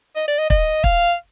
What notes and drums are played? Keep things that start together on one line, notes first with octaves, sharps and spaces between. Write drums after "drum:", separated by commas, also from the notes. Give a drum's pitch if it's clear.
D#5
D5
D#5
D#5, drum: kick
F5, drum: kick